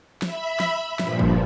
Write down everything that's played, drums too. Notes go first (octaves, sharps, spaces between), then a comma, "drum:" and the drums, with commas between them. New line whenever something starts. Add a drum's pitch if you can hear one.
E5 B5, drum: snare
drum: snare
G2 A#2 F3, drum: snare
drum: kick